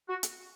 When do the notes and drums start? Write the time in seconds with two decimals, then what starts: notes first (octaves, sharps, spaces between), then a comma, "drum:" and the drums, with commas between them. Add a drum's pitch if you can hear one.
0.09 F#4
0.23 drum: hi-hat